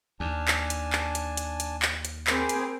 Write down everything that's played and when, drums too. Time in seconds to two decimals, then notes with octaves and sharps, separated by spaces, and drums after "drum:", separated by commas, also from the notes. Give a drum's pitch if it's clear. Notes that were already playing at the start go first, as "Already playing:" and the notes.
0.20 D#2 D4 G#5 A5
0.48 drum: clap
0.70 drum: hi-hat
0.93 drum: clap
1.15 drum: hi-hat
1.37 drum: hi-hat
1.60 drum: hi-hat
1.82 drum: clap
2.05 drum: hi-hat
2.27 C4 G#4 A#4 C5 B5 D6, drum: clap
2.49 drum: hi-hat